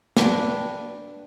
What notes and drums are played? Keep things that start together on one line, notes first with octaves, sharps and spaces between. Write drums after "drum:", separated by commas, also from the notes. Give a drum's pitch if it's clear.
D4 B4 G5, drum: snare